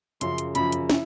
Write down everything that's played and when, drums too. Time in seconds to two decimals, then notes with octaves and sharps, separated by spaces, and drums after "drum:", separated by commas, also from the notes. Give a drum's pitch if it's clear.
0.21 F#2 C#3 F3 C6, drum: hi-hat
0.38 drum: hi-hat
0.55 F#2 C#3 F3 B5, drum: hi-hat
0.72 drum: hi-hat
0.90 E4, drum: snare